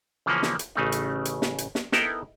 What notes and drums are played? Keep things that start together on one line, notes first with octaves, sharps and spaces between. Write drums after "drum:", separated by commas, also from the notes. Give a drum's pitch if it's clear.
C#3 E3 F3 A#3 C#4
drum: snare
drum: hi-hat
A1 C#3 A3 D#4
drum: hi-hat
drum: hi-hat
drum: snare
drum: hi-hat
drum: snare
B3 D#4 E4 A4 A#4 G5, drum: snare